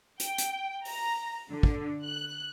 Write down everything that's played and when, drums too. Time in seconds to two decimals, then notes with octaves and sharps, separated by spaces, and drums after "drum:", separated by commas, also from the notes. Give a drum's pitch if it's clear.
0.20 G5, drum: hi-hat
0.38 drum: hi-hat
0.85 A#5, drum: open hi-hat
1.49 D3
1.63 drum: kick
2.04 F#6